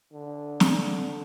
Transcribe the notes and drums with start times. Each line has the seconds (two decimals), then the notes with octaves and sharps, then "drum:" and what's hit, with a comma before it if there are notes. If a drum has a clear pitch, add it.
0.12 D3
0.60 drum: snare